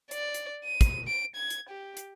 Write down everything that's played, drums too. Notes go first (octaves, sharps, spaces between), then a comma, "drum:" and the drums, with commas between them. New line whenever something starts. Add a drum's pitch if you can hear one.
D5, drum: hi-hat
drum: hi-hat
D#7
drum: kick, hi-hat
D7
G#6
drum: hi-hat
G4
drum: hi-hat